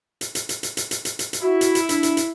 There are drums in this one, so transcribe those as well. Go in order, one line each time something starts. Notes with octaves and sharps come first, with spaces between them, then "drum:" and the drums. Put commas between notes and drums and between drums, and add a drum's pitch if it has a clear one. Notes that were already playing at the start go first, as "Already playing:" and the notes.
drum: hi-hat
drum: hi-hat
drum: hi-hat
drum: hi-hat
drum: hi-hat
drum: hi-hat
drum: hi-hat
drum: hi-hat
drum: hi-hat
E4 F#4
drum: hi-hat
drum: hi-hat
D4, drum: hi-hat
drum: hi-hat
drum: hi-hat